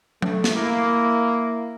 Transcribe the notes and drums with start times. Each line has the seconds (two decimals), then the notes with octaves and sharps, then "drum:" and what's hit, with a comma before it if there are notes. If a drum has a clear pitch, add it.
0.22 A3, drum: tom F#3
0.44 drum: snare
0.54 A#3 E4